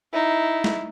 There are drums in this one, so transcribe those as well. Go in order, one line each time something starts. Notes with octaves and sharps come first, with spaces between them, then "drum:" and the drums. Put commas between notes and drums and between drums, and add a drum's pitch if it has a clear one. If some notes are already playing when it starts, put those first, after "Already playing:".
D#4 E4
drum: snare